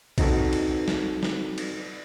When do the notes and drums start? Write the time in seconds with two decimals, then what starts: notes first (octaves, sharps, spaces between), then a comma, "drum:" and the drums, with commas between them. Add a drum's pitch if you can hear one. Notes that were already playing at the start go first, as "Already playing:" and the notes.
0.18 C4 D#4 F#4 A4, drum: kick B1, cymbal
0.53 drum: cymbal
0.88 drum: snare
1.23 drum: snare
1.58 drum: cymbal